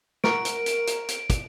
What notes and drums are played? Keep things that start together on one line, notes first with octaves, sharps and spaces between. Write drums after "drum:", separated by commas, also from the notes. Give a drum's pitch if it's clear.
A#4 F#5 A#5 C#6 D7, drum: snare
drum: hi-hat
drum: hi-hat
drum: hi-hat
drum: hi-hat
drum: kick, hi-hat